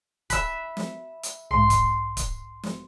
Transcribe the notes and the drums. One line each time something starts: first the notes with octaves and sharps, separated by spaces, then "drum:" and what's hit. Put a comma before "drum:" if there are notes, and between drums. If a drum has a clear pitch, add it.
E5 B5 F#6, drum: kick C#1, hi-hat
drum: snare
drum: hi-hat
B1 G#2 C6
drum: kick C#1, hi-hat
drum: kick C#1, hi-hat
drum: snare